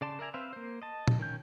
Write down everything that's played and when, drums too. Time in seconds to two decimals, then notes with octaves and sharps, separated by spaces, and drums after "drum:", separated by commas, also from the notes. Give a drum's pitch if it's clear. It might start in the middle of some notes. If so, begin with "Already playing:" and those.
0.01 C#3 D5 A5 C6
0.19 A#4 D5 E5 G#5 A#5
0.34 C4 B4 C5 E5 F5
0.53 A#3 C5
0.82 D#5 A5
1.08 drum: tom A#2
1.19 D#3 C#4 G6